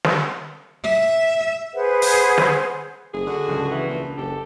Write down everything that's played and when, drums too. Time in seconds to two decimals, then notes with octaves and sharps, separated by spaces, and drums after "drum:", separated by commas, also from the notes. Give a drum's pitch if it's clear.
0.04 drum: snare
0.83 E5
1.73 G#4 B4 C5 F#5
2.02 drum: open hi-hat
2.38 drum: snare
3.14 F#1 G#4
3.27 D3 F#4
3.47 C#2 F3 G#3
3.72 E3
3.89 A#1
4.17 F#1 G4 A4